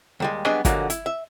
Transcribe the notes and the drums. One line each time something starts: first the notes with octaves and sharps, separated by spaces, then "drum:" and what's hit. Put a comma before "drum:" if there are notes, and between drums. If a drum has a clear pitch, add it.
D#2 G3 G#3
F#3 G3 B3 D4 G#4 D#5
D3 F3 F#3 G#3 A#3, drum: kick, hi-hat
E4, drum: hi-hat
E5